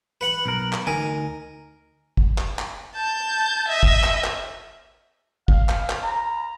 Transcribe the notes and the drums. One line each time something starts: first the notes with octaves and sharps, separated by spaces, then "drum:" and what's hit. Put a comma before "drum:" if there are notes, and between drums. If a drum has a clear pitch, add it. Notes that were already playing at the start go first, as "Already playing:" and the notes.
B4 F#5 B5
B1 A#4
drum: clap
D2 D#4 A#4 G#5
drum: kick
drum: clap
drum: clap
A5 G6
D#5 E5
drum: kick
drum: clap
drum: clap
F5, drum: kick
drum: clap
drum: clap
A#5